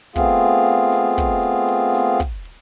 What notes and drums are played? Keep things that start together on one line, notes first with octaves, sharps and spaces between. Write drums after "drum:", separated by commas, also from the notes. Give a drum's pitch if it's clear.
A3 B3 C4 F4 G#4 F5, drum: kick, hi-hat
drum: hi-hat
drum: open hi-hat
drum: snare
drum: kick, hi-hat
drum: hi-hat
drum: open hi-hat
drum: snare
drum: kick, hi-hat
drum: hi-hat